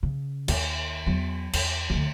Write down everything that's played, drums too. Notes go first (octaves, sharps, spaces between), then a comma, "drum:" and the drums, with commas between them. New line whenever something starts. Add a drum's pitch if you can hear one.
C#3
D#2, drum: cymbal
E2 F#3
E2, drum: cymbal
D2 D3